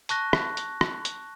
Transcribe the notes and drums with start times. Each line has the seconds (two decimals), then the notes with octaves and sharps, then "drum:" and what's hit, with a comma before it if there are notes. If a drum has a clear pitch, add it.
0.09 A5 C#6 F#6 A#6, drum: hi-hat
0.33 drum: rim click
0.57 drum: hi-hat
0.81 drum: rim click
1.05 drum: hi-hat